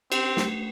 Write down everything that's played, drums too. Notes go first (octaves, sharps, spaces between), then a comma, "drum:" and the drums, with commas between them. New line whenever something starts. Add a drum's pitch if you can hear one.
C4 G4, drum: cymbal
A3, drum: snare